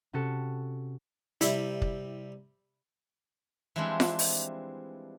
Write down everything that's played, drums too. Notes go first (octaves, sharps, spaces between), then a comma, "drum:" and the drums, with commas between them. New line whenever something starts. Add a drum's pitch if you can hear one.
C3 C#4 F#4 A4 C#7
C3 G3 E4, drum: hi-hat
drum: kick
E3 F3 G3 G#3 C4 D4
drum: snare F4
drum: open hi-hat